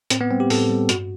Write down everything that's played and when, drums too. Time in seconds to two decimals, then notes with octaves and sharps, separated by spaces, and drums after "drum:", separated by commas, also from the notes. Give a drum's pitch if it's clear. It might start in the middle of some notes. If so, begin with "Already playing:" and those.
0.10 A2 C4, drum: hi-hat
0.21 B3
0.30 G3 C4
0.40 G4
0.50 A2 A4, drum: open hi-hat
0.70 G3
0.89 G2 F#4, drum: hi-hat